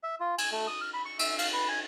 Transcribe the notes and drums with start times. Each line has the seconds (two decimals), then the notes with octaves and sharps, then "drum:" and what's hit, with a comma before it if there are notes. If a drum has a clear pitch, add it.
0.04 E5
0.20 F4
0.38 G#5, drum: cymbal
0.52 A3
0.67 D#6
0.81 F6
0.94 B5
1.05 C#6
1.19 E5, drum: cymbal
1.39 F5, drum: cymbal
1.53 B4
1.69 G#5